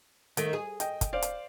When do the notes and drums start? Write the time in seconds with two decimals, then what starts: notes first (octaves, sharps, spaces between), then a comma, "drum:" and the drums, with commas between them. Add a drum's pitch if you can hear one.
0.37 D#3 A3, drum: hi-hat
0.53 G#4
0.80 D#5 G5, drum: hi-hat
1.01 drum: kick, hi-hat
1.13 C5 D5 F5
1.22 drum: hi-hat